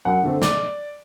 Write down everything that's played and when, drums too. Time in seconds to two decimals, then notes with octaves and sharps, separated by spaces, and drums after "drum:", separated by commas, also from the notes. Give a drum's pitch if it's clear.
0.05 F#2 F#5
0.23 D3 A3 C4
0.42 D5, drum: snare